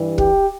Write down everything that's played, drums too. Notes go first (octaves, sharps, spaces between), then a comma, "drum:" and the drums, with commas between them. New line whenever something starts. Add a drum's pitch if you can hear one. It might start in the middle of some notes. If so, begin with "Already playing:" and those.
Already playing: G2 E3 G3
G4, drum: kick